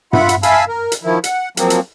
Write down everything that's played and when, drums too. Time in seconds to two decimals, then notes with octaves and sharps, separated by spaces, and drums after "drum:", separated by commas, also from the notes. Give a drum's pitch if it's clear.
0.13 F4 E5 F#5 B5, drum: tom G2
0.29 drum: hi-hat
0.43 E5 F5 G#5 A5 B5 E6, drum: hi-hat
0.68 A#4
0.92 drum: hi-hat
1.03 D#3 F3 E4
1.24 F#5, drum: hi-hat
1.57 F3 F#3 A#3 C4, drum: hi-hat
1.70 drum: hi-hat